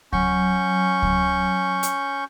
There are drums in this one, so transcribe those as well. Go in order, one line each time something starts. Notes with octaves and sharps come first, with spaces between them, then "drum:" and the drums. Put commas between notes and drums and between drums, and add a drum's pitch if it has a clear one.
F#3 C#4 C#6 G6, drum: kick C#2
drum: kick C#2
drum: hi-hat